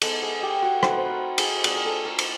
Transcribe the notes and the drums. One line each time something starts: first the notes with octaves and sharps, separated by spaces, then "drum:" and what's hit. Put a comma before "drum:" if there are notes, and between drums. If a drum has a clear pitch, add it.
G#3 B3 D#4 A4, drum: cymbal
G#4
G4
F#4
A3 C4 D#4 C5, drum: rim click
B4
C5
A#4 B4
G#4, drum: cymbal
A#3 D4 F4 G#4, drum: cymbal
A#4
A4
A#4
drum: cymbal